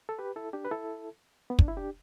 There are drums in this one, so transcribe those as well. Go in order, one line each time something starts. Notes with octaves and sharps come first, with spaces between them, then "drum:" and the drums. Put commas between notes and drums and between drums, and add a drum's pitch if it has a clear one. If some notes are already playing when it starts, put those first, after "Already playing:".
A4
G4 B4
E4 A4
D4 G4
B4
E4 A4
B3
D4, drum: kick
E4
D4 G4